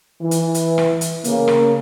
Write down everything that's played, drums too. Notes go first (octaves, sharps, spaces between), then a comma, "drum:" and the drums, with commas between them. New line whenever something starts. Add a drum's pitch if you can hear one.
E3
drum: hi-hat
drum: hi-hat
drum: rim click
drum: hi-hat
C#3 A#3, drum: hi-hat
drum: rim click